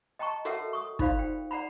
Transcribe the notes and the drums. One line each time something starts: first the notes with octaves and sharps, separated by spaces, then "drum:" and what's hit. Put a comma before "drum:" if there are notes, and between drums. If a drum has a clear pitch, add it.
D#5 G5 A5 A#5 C#6
F#4 A4 A#4 C#5 E5 F#5, drum: hi-hat
C#6 D#6
D#4 F4 C5 D5 F5 B5, drum: kick
G5
D5 F#5 A#5 B5